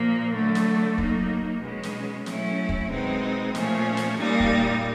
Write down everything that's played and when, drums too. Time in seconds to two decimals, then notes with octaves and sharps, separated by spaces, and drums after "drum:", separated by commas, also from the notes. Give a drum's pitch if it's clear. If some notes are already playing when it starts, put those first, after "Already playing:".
Already playing: A#2 F3 A#3
0.34 D3 F#3 A3
0.55 drum: snare
0.98 F#3 A#3 D#4, drum: kick
1.62 B2 G#3 C#4
1.83 drum: snare
2.26 F#3 A3 C#4 E4, drum: snare
2.69 drum: kick
2.90 B2 G#3 C4 D#4
3.55 A#2 F3 A3 C#4, drum: snare
3.97 drum: snare
4.19 A#2 G3 A#3 D#4
4.40 drum: kick